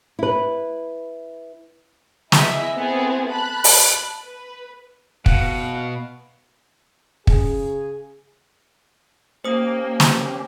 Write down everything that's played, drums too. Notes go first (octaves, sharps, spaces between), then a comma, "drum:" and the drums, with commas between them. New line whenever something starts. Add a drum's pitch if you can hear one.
E4 B4
E4 G#4 D#5 E5 B6, drum: snare
A3 B3 C4 E4 G#4
A5 B5 F#6
drum: open hi-hat
B4
B2 F5 F#5, drum: kick
C#3 G#4, drum: kick
A#3 C#4 G4 C5 D#6
drum: snare